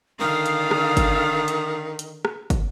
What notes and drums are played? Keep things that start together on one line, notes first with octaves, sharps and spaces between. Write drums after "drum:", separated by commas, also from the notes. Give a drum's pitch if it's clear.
D3 D#3 F5 D#6
drum: hi-hat
drum: rim click
drum: kick, hi-hat
drum: hi-hat
drum: hi-hat
drum: rim click
drum: kick, hi-hat